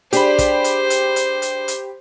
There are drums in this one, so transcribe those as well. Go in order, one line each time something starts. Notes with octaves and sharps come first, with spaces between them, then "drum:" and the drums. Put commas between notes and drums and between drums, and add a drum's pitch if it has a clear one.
D4 G4 G#4 C5 B5, drum: hi-hat
drum: kick, hi-hat
drum: hi-hat
drum: hi-hat
drum: hi-hat
drum: hi-hat
drum: hi-hat